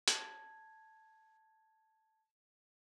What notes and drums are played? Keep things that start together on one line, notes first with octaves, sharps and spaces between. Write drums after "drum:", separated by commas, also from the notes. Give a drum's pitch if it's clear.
A5 G#6, drum: hi-hat